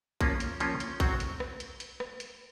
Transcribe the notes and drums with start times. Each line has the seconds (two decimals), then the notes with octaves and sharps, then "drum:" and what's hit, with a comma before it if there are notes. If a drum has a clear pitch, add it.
0.21 F3 A#3 C#4 F4, drum: kick A#1, hi-hat
0.40 drum: hi-hat
0.60 F3 A#3 C#4 F4, drum: hi-hat
0.80 drum: hi-hat
1.00 F#3 C4 F#4, drum: kick A#1, hi-hat
1.20 drum: hi-hat
1.40 drum: rim click
1.60 drum: hi-hat
1.80 drum: hi-hat
2.00 drum: rim click
2.20 drum: hi-hat